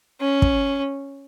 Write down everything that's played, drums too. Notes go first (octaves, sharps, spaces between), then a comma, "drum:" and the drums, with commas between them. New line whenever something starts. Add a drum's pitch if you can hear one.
C#4
drum: kick